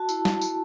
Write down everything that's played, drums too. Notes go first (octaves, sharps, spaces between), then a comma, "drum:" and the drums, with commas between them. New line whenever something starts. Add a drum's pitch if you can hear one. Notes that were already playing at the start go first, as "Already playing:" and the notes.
Already playing: F#4 A5
E4, drum: tambourine
drum: snare
drum: tambourine